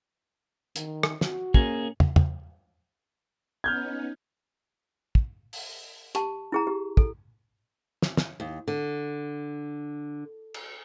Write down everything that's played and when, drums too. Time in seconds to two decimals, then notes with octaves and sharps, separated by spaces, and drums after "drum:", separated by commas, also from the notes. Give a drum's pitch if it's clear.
0.76 D#3, drum: hi-hat
1.03 drum: rim click
1.21 F#4, drum: snare
1.54 A#3 C#4 G#4, drum: kick
2.00 drum: tom
2.16 drum: tom
3.64 B3 C#4 D#4 F6 G6 G#6
5.15 drum: kick
5.53 drum: open hi-hat
6.15 G4 A5, drum: hi-hat
6.52 E4 G#4 A#5
6.67 G4
6.97 A4, drum: kick
8.02 drum: snare
8.17 drum: snare
8.40 D#2
8.68 D3
10.54 drum: cymbal